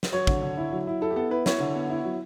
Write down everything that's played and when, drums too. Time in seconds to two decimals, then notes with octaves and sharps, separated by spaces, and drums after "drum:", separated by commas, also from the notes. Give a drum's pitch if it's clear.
0.03 drum: snare
0.12 F#3 C#5
0.27 D3, drum: kick
0.42 D3
0.57 E4
0.72 F#3
0.87 E4
1.01 E4 A4
1.10 G4
1.16 B3 A4
1.30 E4 B4
1.46 E4 C#5, drum: snare
1.60 D3
1.75 B3
1.90 E4
2.04 F#3